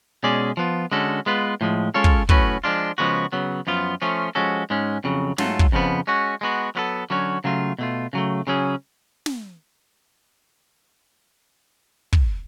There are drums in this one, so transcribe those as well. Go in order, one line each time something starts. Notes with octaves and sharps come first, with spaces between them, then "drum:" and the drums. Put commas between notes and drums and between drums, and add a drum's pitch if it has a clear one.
B2 G#3 C#4 G#4 D5
F3 B3 F4
D3 G#3 C#4 F#4 A4
G#3 B3 F4 B4
A2 F3 G#3
G#3 C#4 F4 A4 C#5
drum: kick
A2 F#3 C#4 F#4 B4, drum: kick
F3 G#3 D4 F4
C#3 F3 G#3 B3 F#4
C#3 F#3 B3
F#2 F3 B3 F4
F3 A3 C#4 F4
F3 G#3 C#4 F#4 A4
G#2 G#3 C#4
F2 C#3 F#3
G#2 F#3 A3 F4 A4, drum: snare
drum: kick
F2 C#3 F3 B3
G#3 C#4 F#4
G#3 B3 F#4
F#3 B3 F4 A4
D3 F#3 C#4 F#4 C#5
C#3 F#3 A3 F4
B2 A3 F4
C#3 F#3 A3
C#3 F#3 C#4 G#4
drum: snare
drum: kick